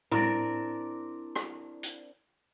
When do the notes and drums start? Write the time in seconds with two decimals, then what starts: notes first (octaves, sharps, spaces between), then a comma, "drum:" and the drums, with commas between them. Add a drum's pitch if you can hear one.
0.11 C4 D4 E4 A#4, drum: tom A2
1.36 drum: rim click
1.83 drum: hi-hat